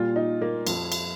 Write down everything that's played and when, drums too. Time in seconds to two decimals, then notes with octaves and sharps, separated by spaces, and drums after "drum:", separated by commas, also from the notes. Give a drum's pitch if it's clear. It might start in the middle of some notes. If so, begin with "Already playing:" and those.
Already playing: A#2 G3 F4
0.16 D#4
0.42 A#3
0.67 F2 F3, drum: cymbal
0.92 drum: cymbal